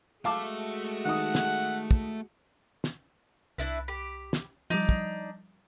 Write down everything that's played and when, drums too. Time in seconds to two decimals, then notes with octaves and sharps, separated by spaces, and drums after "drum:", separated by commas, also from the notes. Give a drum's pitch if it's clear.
0.25 G#3 A3 F#4 E5 F5 A5 D6
1.05 D#3 F#5 D#6
1.35 drum: snare
1.91 drum: kick
2.84 drum: snare
3.58 C2 D4 E4 B4 F#6
3.88 G4 B5
4.33 drum: snare
4.70 F3 G3 D4 D#4
4.89 drum: kick